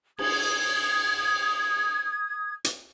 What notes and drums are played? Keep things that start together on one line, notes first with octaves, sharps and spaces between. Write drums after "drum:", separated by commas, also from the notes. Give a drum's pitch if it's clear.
D#6 G#6, drum: cymbal
drum: hi-hat